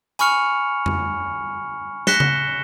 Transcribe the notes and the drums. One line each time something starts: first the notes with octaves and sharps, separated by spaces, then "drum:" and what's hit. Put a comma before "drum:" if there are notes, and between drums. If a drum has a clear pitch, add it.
G#5 B5 C#6 F6 C#7 F7, drum: hi-hat
drum: tom F2
F#6 A#6 B6 C#7 E7 G7, drum: snare
drum: tom C#3